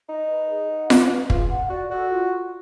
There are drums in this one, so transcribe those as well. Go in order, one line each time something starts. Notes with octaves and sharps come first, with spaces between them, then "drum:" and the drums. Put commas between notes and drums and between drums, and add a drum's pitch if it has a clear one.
D#4 D#5
B4
G#4
F#5
D#5, drum: snare F4
B4
F4 G#4, drum: kick
F#5
F#4 D5
F#4 A4
F4
F4